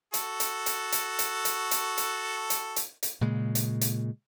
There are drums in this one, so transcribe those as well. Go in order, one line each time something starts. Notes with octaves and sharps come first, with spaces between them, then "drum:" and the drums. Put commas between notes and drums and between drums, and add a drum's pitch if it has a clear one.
F#4 A4, drum: hi-hat
drum: hi-hat
drum: hi-hat
drum: hi-hat
drum: hi-hat
drum: hi-hat
drum: hi-hat
drum: hi-hat
drum: hi-hat
drum: hi-hat
drum: hi-hat
A#2 C#3 G#3
drum: hi-hat
drum: hi-hat